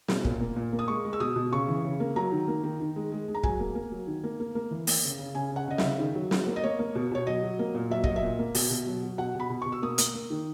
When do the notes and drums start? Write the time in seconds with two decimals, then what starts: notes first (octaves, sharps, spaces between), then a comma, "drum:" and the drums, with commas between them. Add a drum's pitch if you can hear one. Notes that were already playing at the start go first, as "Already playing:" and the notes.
0.08 B2, drum: snare
0.25 A#2, drum: kick
0.41 A#3
0.56 A#2
0.72 A#3
0.79 D#6
0.88 G#3 C#6
1.05 G#3
1.13 E6
1.20 B2 D#6
1.36 B2
1.52 C#3 C#6
1.68 E3
1.85 C#3
2.00 A#3
2.16 F#3 A#5
2.32 D#3
2.48 A#3
2.64 D#3
2.80 D#3
2.96 G#3
3.12 G#3
3.28 G#3
3.34 A#5
3.44 F#3 G#5, drum: kick
3.60 A#3
3.75 A#3
3.92 F#3
4.07 D#3
4.24 A#3
4.40 A#3
4.55 A#3
4.71 E3
4.87 A#3, drum: open hi-hat
5.04 C#3
5.19 C#3
5.35 C#3 G#5
5.52 C#3 F#5
5.68 C#3 D#5
5.78 C#3 E5, drum: snare
5.99 D#3
6.15 F#3
6.31 F#3, drum: snare
6.47 A#3
6.56 D#5
6.64 A#3 C#5
6.79 A#3
6.95 B2
7.11 B2 C#5
7.27 F#3 D#5
7.43 F#3
7.59 A#3
7.75 A#2
7.90 F#3 E5
8.04 F#3 D#5, drum: kick
8.16 E5
8.23 A#2
8.39 A#3
8.55 B2, drum: open hi-hat
8.70 B2
8.86 F#3
9.03 F#3
9.18 B2 F#5
9.35 B2 B5
9.50 B2
9.62 B2 C#6
9.72 E6
9.82 A#3 D#6
9.98 A#3, drum: hi-hat
10.14 A#3
10.30 D#3